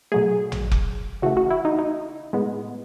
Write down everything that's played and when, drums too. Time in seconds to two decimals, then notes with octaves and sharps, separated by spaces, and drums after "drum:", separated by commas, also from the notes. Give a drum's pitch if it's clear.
0.12 B2 F#3 A3 G#4
0.52 drum: tom A1
0.71 drum: kick F1
1.22 C#3 E3 A3 F#4
1.37 F#4
1.50 E4
1.65 D#4
1.79 D#4
2.33 A2 G#3 B3